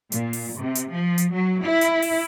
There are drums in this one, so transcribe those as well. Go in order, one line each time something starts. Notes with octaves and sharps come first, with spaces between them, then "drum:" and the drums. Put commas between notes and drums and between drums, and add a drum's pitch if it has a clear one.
A#2, drum: hi-hat
drum: open hi-hat
C3
drum: hi-hat
F3
drum: hi-hat
F#3
E4
drum: hi-hat
drum: open hi-hat